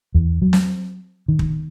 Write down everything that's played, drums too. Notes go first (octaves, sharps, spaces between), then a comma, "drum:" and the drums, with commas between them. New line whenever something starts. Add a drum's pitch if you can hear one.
E2
F#3
drum: snare
D#3
drum: kick